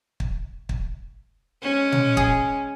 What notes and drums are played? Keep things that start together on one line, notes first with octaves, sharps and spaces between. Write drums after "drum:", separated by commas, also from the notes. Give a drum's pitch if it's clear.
drum: kick
drum: kick
G#3 C#4
drum: tom
G#4, drum: kick